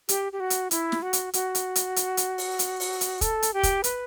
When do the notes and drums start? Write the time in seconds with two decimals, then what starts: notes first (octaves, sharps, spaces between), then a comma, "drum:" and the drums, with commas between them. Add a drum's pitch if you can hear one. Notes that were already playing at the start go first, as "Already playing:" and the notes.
0.09 G4, drum: hi-hat
0.32 G4
0.40 F#4
0.50 drum: hi-hat
0.71 E4, drum: hi-hat
0.92 drum: snare
1.02 F#4
1.13 drum: hi-hat
1.33 F#4, drum: hi-hat
1.55 drum: hi-hat
1.76 drum: hi-hat
1.96 drum: hi-hat
2.17 drum: hi-hat
2.38 drum: open hi-hat
2.59 drum: hi-hat
2.80 drum: open hi-hat
3.01 drum: hi-hat
3.21 A4, drum: kick, hi-hat
3.42 drum: hi-hat
3.54 G4
3.63 drum: kick, hi-hat
3.84 B4, drum: hi-hat